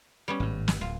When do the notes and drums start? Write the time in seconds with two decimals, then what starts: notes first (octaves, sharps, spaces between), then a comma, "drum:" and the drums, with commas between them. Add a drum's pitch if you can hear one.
0.28 G3 B3 C#4
0.40 G#1 A2
0.68 drum: snare
0.81 D1 F4